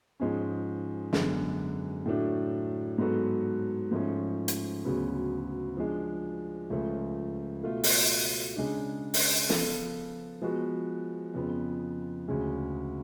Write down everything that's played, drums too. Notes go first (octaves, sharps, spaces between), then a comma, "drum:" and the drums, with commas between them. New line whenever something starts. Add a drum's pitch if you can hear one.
G#2 F3 G#3 C#4
F#2 D3 G#3 B3, drum: snare
A2 F#3 A3 D4
G#2 F#3 B3 F#4 A4
G#2 F3 A3 C#4
drum: hi-hat
D2 C#3 F#3 B3
F3 G#3 D4
C#2 C#3 F3 A3
B2 A3 F4
drum: open hi-hat
C#3 G#3 D4
drum: open hi-hat
F3 B3 F4 A4, drum: snare
F3 G#3 B3 F#4
F2 C#3 F3 B3
D2 C#3 G#3